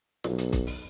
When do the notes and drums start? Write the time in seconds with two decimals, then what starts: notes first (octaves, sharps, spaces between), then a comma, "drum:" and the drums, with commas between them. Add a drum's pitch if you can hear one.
0.24 B1, drum: snare
0.38 drum: hi-hat
0.52 drum: kick, hi-hat
0.67 drum: open hi-hat